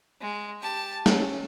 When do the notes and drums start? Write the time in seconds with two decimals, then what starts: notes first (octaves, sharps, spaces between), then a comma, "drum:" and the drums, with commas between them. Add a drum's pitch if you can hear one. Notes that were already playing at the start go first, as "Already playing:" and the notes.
0.21 G#3
0.61 G4 A5
1.06 C#4, drum: snare